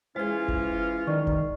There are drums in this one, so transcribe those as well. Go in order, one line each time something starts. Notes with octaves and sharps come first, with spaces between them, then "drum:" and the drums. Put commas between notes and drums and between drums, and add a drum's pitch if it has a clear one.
E3 G#3 C#4 F4 G#4 C5
drum: kick F#1
D#3 D5 C#6 F6
drum: kick F#1